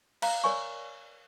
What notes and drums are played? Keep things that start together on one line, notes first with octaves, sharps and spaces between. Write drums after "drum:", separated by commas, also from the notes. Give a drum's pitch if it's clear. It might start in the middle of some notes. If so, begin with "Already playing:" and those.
F5 A#5, drum: cymbal
A#4 C#5 D5 G#5 C#6